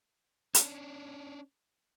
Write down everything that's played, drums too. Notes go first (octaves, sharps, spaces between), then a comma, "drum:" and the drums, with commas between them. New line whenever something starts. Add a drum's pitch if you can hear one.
C#4 D4, drum: hi-hat